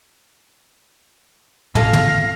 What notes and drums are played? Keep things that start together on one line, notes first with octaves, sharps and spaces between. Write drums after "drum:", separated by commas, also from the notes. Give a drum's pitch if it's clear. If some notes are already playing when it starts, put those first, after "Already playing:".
G#2 C4 F4 A4 F5 A#6, drum: tom
drum: tom